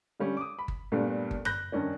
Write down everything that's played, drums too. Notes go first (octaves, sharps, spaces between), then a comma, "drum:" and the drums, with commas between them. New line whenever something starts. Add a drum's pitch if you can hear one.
D3 G3 C#4
D6 D#6
B5
drum: kick G1
G2 A#2 G3 A3 B3
drum: kick G1
B5 F#6 G6 A#6, drum: tom F#2
G2 D#3 C#4 D4